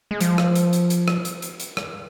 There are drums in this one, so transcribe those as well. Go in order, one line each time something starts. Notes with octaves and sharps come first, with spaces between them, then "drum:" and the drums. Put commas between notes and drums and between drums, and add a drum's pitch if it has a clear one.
G#3
F3, drum: hi-hat
drum: rim click
drum: hi-hat
drum: hi-hat
drum: hi-hat
drum: rim click
drum: hi-hat
drum: hi-hat
drum: hi-hat
drum: rim click